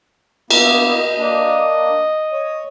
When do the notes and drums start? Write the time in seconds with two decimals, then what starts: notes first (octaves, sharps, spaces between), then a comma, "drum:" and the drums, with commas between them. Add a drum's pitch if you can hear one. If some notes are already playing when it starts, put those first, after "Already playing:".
0.51 A#3 B3 D4 E4, drum: cymbal
0.90 D#5
1.17 A#3 D4
2.32 C#5